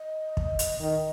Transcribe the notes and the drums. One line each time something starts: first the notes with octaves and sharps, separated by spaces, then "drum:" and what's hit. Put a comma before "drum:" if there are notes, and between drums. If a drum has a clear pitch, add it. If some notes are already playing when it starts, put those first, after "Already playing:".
Already playing: D#5
D#5, drum: kick
drum: hi-hat
D#3 D#5